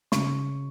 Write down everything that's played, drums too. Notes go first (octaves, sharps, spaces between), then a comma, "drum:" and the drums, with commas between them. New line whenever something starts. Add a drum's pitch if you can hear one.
C#3 C#6, drum: snare